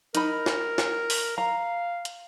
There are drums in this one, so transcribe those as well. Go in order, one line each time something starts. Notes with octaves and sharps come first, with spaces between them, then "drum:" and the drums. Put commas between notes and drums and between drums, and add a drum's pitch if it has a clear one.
D#4 A#4 B5, drum: hi-hat
drum: snare
drum: snare
drum: open hi-hat
F5 A#5
drum: hi-hat